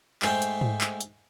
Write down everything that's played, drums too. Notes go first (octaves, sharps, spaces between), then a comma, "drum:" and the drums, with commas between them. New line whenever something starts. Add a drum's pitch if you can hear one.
G#2 G#3 A3 C5 G5, drum: clap
drum: hi-hat
drum: tom G#2
drum: clap
drum: hi-hat